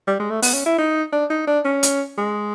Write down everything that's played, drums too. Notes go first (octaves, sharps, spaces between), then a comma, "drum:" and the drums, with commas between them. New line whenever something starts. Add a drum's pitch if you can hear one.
G3
G#3
A3
B3, drum: open hi-hat
C#4
E4
D#4
D4
D#4
D4
C#4
drum: hi-hat
G#3